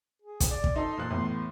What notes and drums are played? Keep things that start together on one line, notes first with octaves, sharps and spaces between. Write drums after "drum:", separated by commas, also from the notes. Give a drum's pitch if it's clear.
G#4
drum: kick, hi-hat
D5
drum: kick
D#4 A4 D#5 C6
A#2 F3 F#6
E2 A2